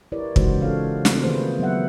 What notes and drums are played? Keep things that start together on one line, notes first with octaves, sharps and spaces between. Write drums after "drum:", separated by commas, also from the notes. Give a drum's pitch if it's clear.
E4 G4 A#4 B4 C#5 D5
C#3 E3 G#3 D#4 F#4 C5, drum: kick
D#4 F4 A4 C#5 F5
C#3 A3 C4 F4 G4, drum: snare
D#3 A#3 G#4 B4 C5
F#3 B3 A4 E5 F#5